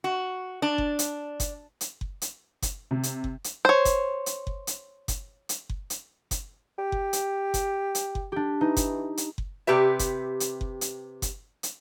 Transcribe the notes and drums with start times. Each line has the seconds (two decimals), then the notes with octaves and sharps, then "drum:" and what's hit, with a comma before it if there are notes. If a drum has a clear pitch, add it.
0.04 F#4
0.62 D4
0.78 drum: kick F#1
0.99 drum: hi-hat
1.40 drum: kick F#1, hi-hat
1.81 drum: hi-hat
2.01 drum: kick F#1
2.22 drum: hi-hat
2.62 drum: kick F#1, hi-hat
2.91 C3
3.03 drum: hi-hat
3.24 drum: kick F#1
3.44 drum: hi-hat
3.65 C5 C#5
3.85 drum: kick F#1, hi-hat
4.26 drum: hi-hat
4.47 drum: kick F#1
4.67 drum: hi-hat
5.08 drum: kick F#1, hi-hat
5.49 drum: hi-hat
5.69 drum: kick F#1
5.90 drum: hi-hat
6.31 drum: kick F#1, hi-hat
6.78 G4
6.92 drum: kick F#1
7.13 drum: hi-hat
7.54 drum: kick F#1, hi-hat
7.95 drum: hi-hat
8.15 drum: kick F#1
8.32 D4 G4
8.61 E3 D#4
8.77 drum: kick F#1, hi-hat
9.17 drum: hi-hat
9.38 drum: kick F#1
9.67 C3 G4 B4 E5
9.99 drum: kick F#1, hi-hat
10.40 drum: hi-hat
10.61 drum: kick F#1
10.81 drum: hi-hat
11.22 drum: kick F#1, hi-hat
11.63 drum: hi-hat